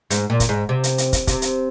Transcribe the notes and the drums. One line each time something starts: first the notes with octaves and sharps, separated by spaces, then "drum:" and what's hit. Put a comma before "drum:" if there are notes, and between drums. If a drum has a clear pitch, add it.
G#2, drum: hi-hat
A#2
drum: kick, hi-hat
G#2
C3
drum: hi-hat
drum: hi-hat
drum: kick, hi-hat
C3, drum: kick, hi-hat
drum: hi-hat